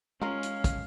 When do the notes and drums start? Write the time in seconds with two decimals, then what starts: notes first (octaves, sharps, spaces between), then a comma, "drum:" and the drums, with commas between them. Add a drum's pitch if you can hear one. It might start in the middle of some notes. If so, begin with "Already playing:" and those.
0.22 G#3 C#4 F4 A#4 F5
0.43 drum: hi-hat
0.64 drum: kick, hi-hat